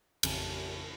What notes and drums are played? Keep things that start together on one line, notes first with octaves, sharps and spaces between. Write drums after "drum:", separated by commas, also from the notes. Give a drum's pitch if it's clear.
A1 F2 C#3 G#5 A5 D#7, drum: cymbal